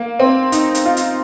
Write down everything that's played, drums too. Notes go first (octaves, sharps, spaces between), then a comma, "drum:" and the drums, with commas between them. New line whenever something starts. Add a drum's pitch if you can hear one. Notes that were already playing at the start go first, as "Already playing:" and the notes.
Already playing: A#3
C4
D#4, drum: hi-hat
drum: hi-hat
F4
drum: hi-hat